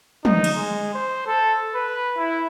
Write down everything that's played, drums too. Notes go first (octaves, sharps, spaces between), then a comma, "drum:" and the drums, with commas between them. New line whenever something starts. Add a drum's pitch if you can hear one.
D#4, drum: tom
drum: cymbal
G#3
C5
A4
B4
E4